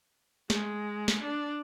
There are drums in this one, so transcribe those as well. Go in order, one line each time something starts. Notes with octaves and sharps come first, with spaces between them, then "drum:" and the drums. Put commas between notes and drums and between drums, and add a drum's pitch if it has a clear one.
G#3, drum: snare
drum: snare
D4